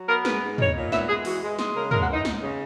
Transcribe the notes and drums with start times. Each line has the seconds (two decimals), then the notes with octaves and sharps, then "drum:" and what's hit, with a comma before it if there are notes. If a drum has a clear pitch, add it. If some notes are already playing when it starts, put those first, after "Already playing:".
Already playing: F#3
0.08 B3 A#4
0.25 G#2 B4, drum: snare
0.42 G#2
0.58 D#4 C#5, drum: tom
0.75 A#2
0.92 B3 E5, drum: snare
1.08 G#3 G#4
1.25 E3 F#4, drum: open hi-hat
1.42 G#3
1.59 G#3, drum: snare
1.75 C#3 A#4
1.91 G#3 A#4, drum: tom
2.03 F#4
2.08 E3
2.13 D#4
2.25 D#4, drum: snare
2.42 C#3